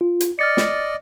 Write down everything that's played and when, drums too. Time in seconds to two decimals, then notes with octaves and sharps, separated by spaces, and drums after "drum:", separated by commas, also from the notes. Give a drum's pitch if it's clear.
0.01 F4
0.20 drum: hi-hat
0.39 D5 D#5 F6 A6 C#7
0.57 drum: snare